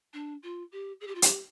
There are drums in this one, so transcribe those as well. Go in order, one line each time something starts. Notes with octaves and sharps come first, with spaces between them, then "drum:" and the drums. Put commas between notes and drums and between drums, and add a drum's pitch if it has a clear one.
D4
F4
G4
G#4
G4
F4
G4, drum: hi-hat